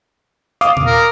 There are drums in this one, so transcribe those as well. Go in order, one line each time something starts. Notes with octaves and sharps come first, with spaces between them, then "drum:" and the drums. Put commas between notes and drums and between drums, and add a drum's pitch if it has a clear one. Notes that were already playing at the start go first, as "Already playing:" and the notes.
F5 D6 D#6, drum: hi-hat
drum: tom A#2
A#4